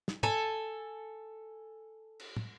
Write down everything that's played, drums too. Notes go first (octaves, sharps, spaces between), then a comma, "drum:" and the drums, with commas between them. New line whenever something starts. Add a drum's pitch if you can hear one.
drum: snare
A4 G#5, drum: tom
drum: cymbal
drum: tom